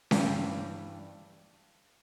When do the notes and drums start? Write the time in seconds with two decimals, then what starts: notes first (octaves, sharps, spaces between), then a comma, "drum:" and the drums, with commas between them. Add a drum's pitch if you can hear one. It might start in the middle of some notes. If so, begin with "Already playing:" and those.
0.11 G2 E3 G3 C4, drum: snare C#4